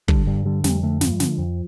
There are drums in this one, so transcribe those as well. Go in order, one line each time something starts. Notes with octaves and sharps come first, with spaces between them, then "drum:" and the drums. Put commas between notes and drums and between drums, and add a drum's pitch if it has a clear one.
D3 G3, drum: kick
G2 G3
D3 G3
F2 G3, drum: snare
D3 A3
G2 F3, drum: snare
D3, drum: snare
F2